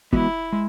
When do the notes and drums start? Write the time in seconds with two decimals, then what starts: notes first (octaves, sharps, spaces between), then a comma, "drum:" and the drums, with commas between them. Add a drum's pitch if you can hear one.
0.13 E3 G#3 B3 E4 F#4, drum: kick
0.53 G#3